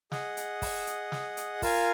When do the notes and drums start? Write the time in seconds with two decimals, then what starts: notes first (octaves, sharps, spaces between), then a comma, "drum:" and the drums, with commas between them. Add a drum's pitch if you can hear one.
0.12 G#4 D#5 F#5, drum: snare
0.37 drum: hi-hat
0.62 drum: kick, open hi-hat
0.87 drum: hi-hat
1.12 drum: snare
1.37 drum: hi-hat
1.62 F4 A#4 F5 G#5, drum: kick, open hi-hat